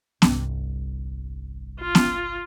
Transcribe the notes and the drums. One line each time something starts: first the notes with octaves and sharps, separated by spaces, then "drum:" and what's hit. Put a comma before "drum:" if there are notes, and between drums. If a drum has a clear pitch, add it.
G1 C2, drum: snare B3
F4
drum: snare B3